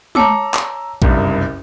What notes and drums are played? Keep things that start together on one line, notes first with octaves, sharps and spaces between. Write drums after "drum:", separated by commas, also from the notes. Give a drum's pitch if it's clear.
C#5 A5 A#5 D6 E6, drum: tom G#3
drum: clap
F#1 C2 G2, drum: kick A#1